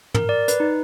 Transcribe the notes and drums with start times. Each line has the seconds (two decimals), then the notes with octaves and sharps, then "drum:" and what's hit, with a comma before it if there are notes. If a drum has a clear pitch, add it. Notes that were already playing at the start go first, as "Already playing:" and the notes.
0.14 A#4, drum: tom
0.29 D5
0.48 B4, drum: hi-hat
0.60 D#4